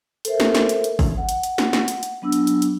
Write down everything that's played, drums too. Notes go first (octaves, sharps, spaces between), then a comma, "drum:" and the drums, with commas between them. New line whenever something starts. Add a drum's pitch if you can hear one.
A4 A#4 C5 E5, drum: hi-hat
drum: snare
drum: snare
drum: hi-hat
drum: hi-hat
drum: kick, open hi-hat
F#5
drum: hi-hat
drum: hi-hat
drum: snare
drum: snare
drum: hi-hat
drum: hi-hat
F#3 B3 D4 E6
drum: hi-hat
drum: hi-hat
drum: hi-hat